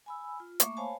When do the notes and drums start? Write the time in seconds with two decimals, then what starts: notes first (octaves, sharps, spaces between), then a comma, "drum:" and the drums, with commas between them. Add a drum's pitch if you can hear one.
0.06 G#5 B5 E6
0.40 F4
0.60 A3 A#3 E5 C#6 D6, drum: hi-hat
0.77 C5 C#5 F5 G#5 A5 B5